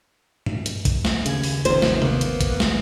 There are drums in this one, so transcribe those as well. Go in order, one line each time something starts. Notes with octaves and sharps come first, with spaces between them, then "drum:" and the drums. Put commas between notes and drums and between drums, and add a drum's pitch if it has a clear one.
drum: tom G2
drum: hi-hat
drum: kick, hi-hat
drum: snare
D#2 C#3 G#6, drum: hi-hat
drum: open hi-hat
G#1 D#2 C3 D#3 F3 C5, drum: hi-hat
drum: snare
A#3 B3, drum: tom C3
drum: hi-hat
drum: kick, hi-hat
G#3, drum: snare